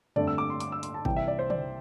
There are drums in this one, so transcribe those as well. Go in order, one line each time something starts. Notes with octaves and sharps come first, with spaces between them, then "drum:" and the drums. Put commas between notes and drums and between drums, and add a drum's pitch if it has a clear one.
G2 D3 A3 C4 D5, drum: tom
E6
D6
C6
D6, drum: hi-hat
E6
C6, drum: hi-hat
A5
C2 C3 E3 G3 C4 G5, drum: kick G#1
E5
D5
C5
D5, drum: tom